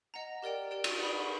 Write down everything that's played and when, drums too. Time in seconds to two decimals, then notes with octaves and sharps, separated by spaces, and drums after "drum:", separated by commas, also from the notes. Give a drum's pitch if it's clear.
0.14 D#5 F#5 A#5
0.42 G4 A#4 D5 G5
0.71 G4 A#4 D5 G5
0.84 drum: cymbal
1.00 B4 D5 F#5 B5 D#6